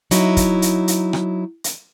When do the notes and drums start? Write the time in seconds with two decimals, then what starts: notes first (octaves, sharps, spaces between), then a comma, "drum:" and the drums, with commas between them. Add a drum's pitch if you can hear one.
0.11 F#3 D#4 E4, drum: hi-hat
0.37 drum: kick, hi-hat
0.62 drum: hi-hat
0.88 drum: hi-hat
1.13 drum: rim click
1.64 drum: hi-hat